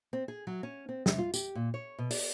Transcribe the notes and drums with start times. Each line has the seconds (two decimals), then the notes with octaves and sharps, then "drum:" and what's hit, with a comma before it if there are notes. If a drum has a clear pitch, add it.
0.13 C4
0.28 G#4
0.47 F#3
0.63 C#4
0.89 C4
1.06 C3, drum: snare
1.18 F4
1.34 G4, drum: tambourine
1.55 A#2
1.74 C#5
1.99 B2
2.10 D5, drum: open hi-hat